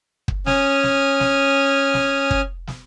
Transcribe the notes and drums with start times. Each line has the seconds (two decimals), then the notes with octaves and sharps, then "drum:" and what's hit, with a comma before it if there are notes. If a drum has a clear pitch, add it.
0.28 drum: kick
0.46 C#4 G#5 D#6 F6, drum: snare
0.83 drum: snare
1.20 drum: snare
1.94 drum: snare
2.31 drum: kick
2.67 drum: snare